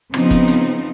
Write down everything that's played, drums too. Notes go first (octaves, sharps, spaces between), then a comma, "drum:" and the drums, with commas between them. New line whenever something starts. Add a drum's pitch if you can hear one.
C#3 F3 B3 C4 D#4, drum: rim click
drum: kick F#1, hi-hat
drum: hi-hat